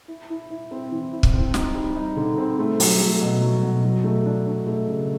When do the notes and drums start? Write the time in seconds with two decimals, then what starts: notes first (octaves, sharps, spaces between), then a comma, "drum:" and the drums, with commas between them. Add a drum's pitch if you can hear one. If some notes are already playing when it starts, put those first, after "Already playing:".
0.08 E4
0.30 E4
0.50 E4
0.71 C4
0.92 E3
1.12 E4
1.23 drum: kick
1.34 C4
1.54 D#4, drum: snare
1.75 G3
1.96 D#4
2.16 D3
2.37 C4
2.59 A3
2.80 F#3, drum: open hi-hat
3.00 A3
3.21 B2
3.42 F#3
3.63 B2
3.84 F#3
4.04 A3
4.26 D4
4.47 D4
4.67 A3
4.87 C#3